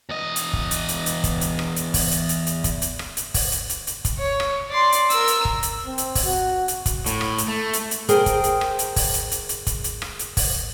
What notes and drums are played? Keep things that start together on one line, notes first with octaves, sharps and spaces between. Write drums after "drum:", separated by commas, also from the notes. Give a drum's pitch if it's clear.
E2 D#5
drum: hi-hat
drum: kick
drum: hi-hat
drum: hi-hat
drum: hi-hat
drum: kick, hi-hat
drum: hi-hat
drum: rim click
drum: hi-hat
drum: kick, open hi-hat
drum: hi-hat
drum: hi-hat
drum: hi-hat
drum: kick, hi-hat
drum: hi-hat
drum: rim click
drum: hi-hat
drum: kick, open hi-hat
drum: hi-hat
drum: hi-hat
drum: hi-hat
drum: kick, hi-hat
C#5
drum: rim click
D5 C6
drum: hi-hat
A#4 E6, drum: hi-hat
drum: hi-hat
drum: kick
drum: hi-hat
C4
drum: hi-hat
drum: kick, open hi-hat
F#4
drum: hi-hat
drum: kick, hi-hat
A2, drum: hi-hat
drum: rim click
drum: hi-hat
A3
drum: hi-hat
drum: hi-hat
G#4 A#4 C5 G5, drum: hi-hat
drum: kick, hi-hat
drum: hi-hat
drum: rim click
drum: hi-hat
drum: kick, open hi-hat
drum: hi-hat
drum: hi-hat
drum: hi-hat
drum: kick, hi-hat
drum: hi-hat
drum: rim click
drum: hi-hat
drum: kick, open hi-hat